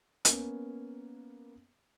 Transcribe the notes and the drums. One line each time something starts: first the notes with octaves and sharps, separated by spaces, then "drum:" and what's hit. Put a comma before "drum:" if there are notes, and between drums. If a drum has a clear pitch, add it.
A#3 B3 C#4, drum: hi-hat